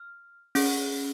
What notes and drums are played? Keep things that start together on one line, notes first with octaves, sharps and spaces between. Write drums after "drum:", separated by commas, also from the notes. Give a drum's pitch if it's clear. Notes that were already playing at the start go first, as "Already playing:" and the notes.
Already playing: F6
C#4 G#4, drum: open hi-hat